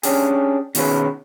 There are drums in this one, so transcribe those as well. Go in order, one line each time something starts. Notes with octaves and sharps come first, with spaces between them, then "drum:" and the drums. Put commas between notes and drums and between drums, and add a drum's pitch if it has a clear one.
C#4 D4 G4 G#4, drum: open hi-hat
B2 D#3 C#4 G#4 B4, drum: open hi-hat